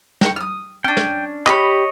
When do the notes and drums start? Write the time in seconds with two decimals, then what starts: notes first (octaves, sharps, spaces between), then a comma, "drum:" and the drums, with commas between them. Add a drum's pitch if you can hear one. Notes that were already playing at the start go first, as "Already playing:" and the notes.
0.21 G5 A#5 C#6, drum: snare
0.36 D#6 F6
0.84 C#4 D4 G5
0.97 drum: snare
1.46 G4 C#5 D#5 B5, drum: clap